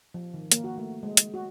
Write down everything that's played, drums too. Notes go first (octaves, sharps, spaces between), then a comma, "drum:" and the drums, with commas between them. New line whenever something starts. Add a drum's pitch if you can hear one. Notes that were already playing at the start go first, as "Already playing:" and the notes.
F3
D#3
A#3, drum: hi-hat
F#4
A3
G#3
drum: hi-hat
F#4